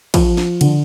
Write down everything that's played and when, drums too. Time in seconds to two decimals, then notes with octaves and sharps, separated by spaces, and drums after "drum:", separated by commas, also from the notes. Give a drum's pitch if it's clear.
0.14 F3, drum: kick, cymbal
0.37 drum: snare
0.61 D3, drum: cymbal